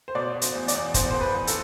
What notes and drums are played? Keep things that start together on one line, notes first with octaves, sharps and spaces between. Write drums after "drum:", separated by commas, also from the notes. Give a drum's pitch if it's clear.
C5
B2 D5
B2
C5, drum: hi-hat
E2
D5, drum: hi-hat
E2
E2 C5, drum: kick, hi-hat
E2 C5
B4
E2
A4, drum: hi-hat